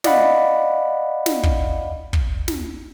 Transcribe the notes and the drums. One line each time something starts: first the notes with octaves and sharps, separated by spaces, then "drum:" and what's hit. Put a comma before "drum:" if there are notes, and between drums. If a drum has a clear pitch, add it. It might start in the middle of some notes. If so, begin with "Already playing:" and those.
D5 D#5 F5 F#5 B5, drum: snare
drum: snare
drum: kick
drum: kick
drum: snare